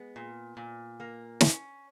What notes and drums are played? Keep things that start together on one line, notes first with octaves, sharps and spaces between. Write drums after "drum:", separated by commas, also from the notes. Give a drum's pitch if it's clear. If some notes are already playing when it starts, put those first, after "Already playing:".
Already playing: G#3 B3
A#2
A#2
A#3
C#4, drum: snare